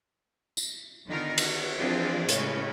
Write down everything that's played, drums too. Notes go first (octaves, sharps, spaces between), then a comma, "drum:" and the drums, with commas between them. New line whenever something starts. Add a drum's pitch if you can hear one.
drum: tambourine
D3 D#3 B3 D#4 F4 A#4
F#4, drum: cymbal
E3 F3 C4 D4 F4 G#4
A2 C#3 G#3 C#4, drum: hi-hat